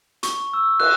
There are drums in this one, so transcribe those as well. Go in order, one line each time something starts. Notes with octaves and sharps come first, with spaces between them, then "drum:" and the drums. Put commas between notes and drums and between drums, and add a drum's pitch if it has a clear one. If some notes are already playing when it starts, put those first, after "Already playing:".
C#6, drum: hi-hat
E6
F#6, drum: cymbal